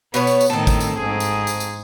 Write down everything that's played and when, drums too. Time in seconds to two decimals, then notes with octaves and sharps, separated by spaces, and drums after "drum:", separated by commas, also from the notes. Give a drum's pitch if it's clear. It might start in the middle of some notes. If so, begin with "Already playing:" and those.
0.14 B2 B3 B4 C#5, drum: tambourine
0.27 drum: tambourine
0.41 drum: tambourine
0.50 A2 D#3 C4 A4
0.67 drum: kick G#1, tambourine
0.80 drum: tambourine
0.99 G#2 G#4
1.20 drum: tambourine
1.47 drum: tambourine
1.60 drum: tambourine